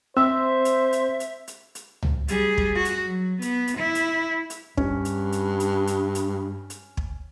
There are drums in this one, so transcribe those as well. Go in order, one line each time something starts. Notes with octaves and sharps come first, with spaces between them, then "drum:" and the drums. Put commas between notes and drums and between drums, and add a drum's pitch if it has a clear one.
C4 C5 E5 E6
drum: hi-hat
drum: hi-hat
drum: hi-hat
drum: hi-hat
drum: hi-hat
drum: tom C#2
G3 G#4, drum: hi-hat
drum: kick
F#4
drum: hi-hat
F#3
B3, drum: hi-hat
drum: hi-hat
E4
drum: hi-hat
drum: hi-hat
G2 C#4, drum: kick
drum: hi-hat
drum: hi-hat
drum: hi-hat
drum: hi-hat
drum: hi-hat
drum: hi-hat
drum: kick